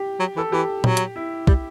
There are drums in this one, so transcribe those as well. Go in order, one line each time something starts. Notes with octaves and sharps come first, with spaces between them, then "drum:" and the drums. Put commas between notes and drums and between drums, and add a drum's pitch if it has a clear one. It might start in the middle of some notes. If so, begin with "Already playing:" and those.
Already playing: G4
F#3
E3 A4
E3 G4
F#3, drum: tom A#2
drum: hi-hat
E4
G3, drum: kick